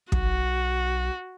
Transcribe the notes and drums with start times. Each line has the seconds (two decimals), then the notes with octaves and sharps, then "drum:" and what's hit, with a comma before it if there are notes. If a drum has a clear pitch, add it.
0.12 B1 F#4, drum: kick